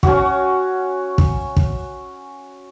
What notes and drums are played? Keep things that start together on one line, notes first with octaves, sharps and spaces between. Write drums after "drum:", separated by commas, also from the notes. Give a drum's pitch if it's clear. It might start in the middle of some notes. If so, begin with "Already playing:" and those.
C#4 F#4, drum: kick
drum: kick
drum: kick